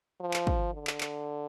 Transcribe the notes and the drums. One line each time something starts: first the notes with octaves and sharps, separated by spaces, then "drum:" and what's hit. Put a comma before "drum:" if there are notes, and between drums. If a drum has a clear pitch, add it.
F3
drum: clap
drum: kick
D3
drum: clap
drum: clap